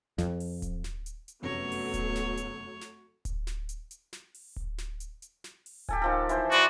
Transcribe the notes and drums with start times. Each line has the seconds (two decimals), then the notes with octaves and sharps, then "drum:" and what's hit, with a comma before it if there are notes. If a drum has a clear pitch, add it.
0.18 F2, drum: snare
0.40 drum: open hi-hat
0.62 drum: kick D1, hi-hat
0.84 drum: snare
1.06 drum: hi-hat
1.28 drum: hi-hat
1.43 F1 F#2 F#3 A3 B3 C#5 A#6
1.72 drum: open hi-hat
1.94 drum: kick D1, hi-hat
2.15 drum: snare
2.37 drum: hi-hat
2.81 drum: snare
3.25 drum: kick D1, hi-hat
3.47 drum: snare
3.69 drum: hi-hat
3.91 drum: hi-hat
4.13 drum: snare
4.35 drum: open hi-hat
4.56 drum: kick D1
4.78 drum: snare
5.00 drum: hi-hat
5.22 drum: hi-hat
5.44 drum: snare
5.66 drum: open hi-hat
5.89 G4 A4 G#5, drum: kick D1
6.02 D#3 F3 A4
6.29 E3 C5, drum: hi-hat
6.52 F#4 D5 B5 C6, drum: hi-hat